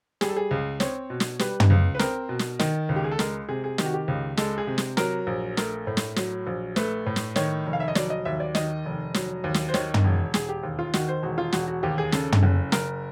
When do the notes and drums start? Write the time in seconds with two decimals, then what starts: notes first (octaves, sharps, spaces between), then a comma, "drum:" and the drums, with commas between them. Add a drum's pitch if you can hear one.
0.21 G3 G#4, drum: snare
0.29 A4
0.37 G#4
0.51 C#2
0.80 C4 C#5, drum: snare
1.10 B2
1.20 drum: snare
1.39 G3 B4, drum: snare
1.60 drum: tom
1.70 C#2
1.95 B4
1.99 C4 A#4, drum: snare
2.29 B2
2.39 drum: snare
2.59 D#3, drum: snare
2.89 C#2
2.96 G4
3.04 G#4
3.11 A4
3.19 G#3 A#4, drum: snare
3.49 C3 G#4
3.64 G#4
3.78 D#3 G4, drum: snare
3.86 F#4
3.94 G4
4.08 C#2
4.37 G#3 A4, drum: snare
4.58 G#4
4.67 C3
4.78 drum: snare
4.97 F#3 A#4, drum: snare
5.27 A#1
5.57 A3 A#4, drum: snare
5.87 A2
5.97 drum: snare
6.16 F#3, drum: snare
6.47 A#1
6.76 A3 B4, drum: snare
7.06 A2
7.16 drum: snare
7.36 D#3 C#5, drum: snare
7.66 F1
7.73 F5
7.80 E5
7.88 D#5
7.95 F#3 D5, drum: snare
8.10 D#5
8.25 D#2 E5
8.40 D5
8.55 D#3 D#5, drum: snare
8.85 F1
9.14 F#3, drum: snare
9.44 D#2
9.54 drum: snare
9.69 C5
9.74 D#3 C#5, drum: snare
9.94 drum: tom
10.04 E1
10.34 E1 G#4, drum: snare
10.49 G4
10.63 D#2
10.79 F4
10.94 D#3 F#4, drum: snare
11.08 C5
11.23 E1 F#4
11.38 F4
11.52 E1 F#4, drum: snare
11.68 F#4
11.83 D#2 G4
11.98 G#4
12.12 C#3 A4, drum: snare
12.32 drum: tom
12.43 F#1
12.72 F#1 A#4, drum: snare